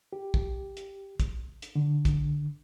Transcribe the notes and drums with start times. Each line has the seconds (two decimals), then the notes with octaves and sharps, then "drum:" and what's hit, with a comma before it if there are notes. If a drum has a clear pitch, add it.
0.13 G4
0.34 drum: kick
0.77 drum: hi-hat
1.20 drum: kick, hi-hat
1.62 drum: hi-hat
1.75 D3
2.05 drum: kick, hi-hat